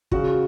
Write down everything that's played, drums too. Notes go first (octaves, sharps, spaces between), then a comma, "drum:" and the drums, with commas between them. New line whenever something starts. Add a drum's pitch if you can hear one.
C#3 F#4, drum: kick